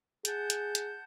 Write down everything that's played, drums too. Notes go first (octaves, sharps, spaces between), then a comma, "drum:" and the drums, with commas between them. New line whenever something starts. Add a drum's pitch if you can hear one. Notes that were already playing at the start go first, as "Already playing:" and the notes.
G#4 F#5 A5 G6, drum: hi-hat
drum: hi-hat
drum: hi-hat